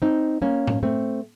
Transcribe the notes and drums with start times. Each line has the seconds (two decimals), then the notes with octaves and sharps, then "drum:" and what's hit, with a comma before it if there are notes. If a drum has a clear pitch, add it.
0.02 C4 D#4
0.42 A#3 C#4
0.67 drum: tom A2
0.83 A3 C4